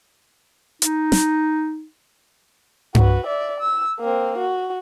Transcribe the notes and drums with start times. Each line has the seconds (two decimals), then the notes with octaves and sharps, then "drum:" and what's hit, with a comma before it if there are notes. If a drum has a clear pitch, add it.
0.82 D#4, drum: hi-hat
1.12 drum: snare
2.95 F#4 B4, drum: tom G2
3.26 D5 E5
3.60 E6
4.00 A#3 C4
4.38 F#4